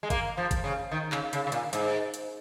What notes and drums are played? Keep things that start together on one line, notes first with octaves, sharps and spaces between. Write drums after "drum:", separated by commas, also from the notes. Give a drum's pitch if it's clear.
G#3
A#3, drum: kick G#1, hi-hat
F3
drum: kick G#1, hi-hat
C#3
D#3
C#3, drum: clap
C#3, drum: hi-hat
C#3
A#2, drum: hi-hat
G#2, drum: hi-hat
drum: hi-hat